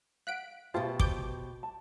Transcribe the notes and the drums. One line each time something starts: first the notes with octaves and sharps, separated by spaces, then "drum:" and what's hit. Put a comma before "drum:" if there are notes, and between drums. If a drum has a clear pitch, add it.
F5 F#5 F#6 B6 D7
B2 F4 G4 G#4 C5 E5 G5 A5
B4 C5 D6 G6, drum: kick
A5